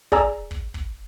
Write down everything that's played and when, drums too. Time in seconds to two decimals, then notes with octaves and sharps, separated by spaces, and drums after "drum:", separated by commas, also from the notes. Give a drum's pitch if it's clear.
0.12 G#4 D5 G#5 A#5 E6, drum: kick
0.51 drum: kick
0.74 drum: kick